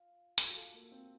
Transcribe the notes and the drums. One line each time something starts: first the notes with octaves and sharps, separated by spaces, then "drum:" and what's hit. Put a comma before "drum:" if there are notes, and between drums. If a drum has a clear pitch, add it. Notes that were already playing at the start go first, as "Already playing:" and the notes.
Already playing: F4
F4 A4, drum: hi-hat
F#4
F4 A4
A#3
C4